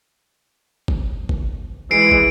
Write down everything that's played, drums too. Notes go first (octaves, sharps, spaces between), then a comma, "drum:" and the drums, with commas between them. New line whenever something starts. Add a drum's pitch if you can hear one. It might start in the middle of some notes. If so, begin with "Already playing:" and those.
drum: kick
drum: kick
E3 G#3 C7 D7
drum: kick